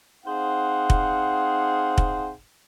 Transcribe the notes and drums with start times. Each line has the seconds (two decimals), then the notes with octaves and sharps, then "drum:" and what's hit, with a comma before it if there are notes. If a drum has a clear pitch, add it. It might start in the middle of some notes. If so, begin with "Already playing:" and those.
0.25 C4 D#4 G#4 C5 F5 F#5
0.90 drum: kick
1.98 drum: kick